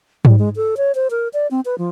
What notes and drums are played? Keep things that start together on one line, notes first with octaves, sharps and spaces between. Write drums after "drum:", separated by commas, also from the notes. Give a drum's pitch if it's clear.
G3, drum: tom G#2
G#3
A4
C#5
C5
A#4
D5
C4
B4
F3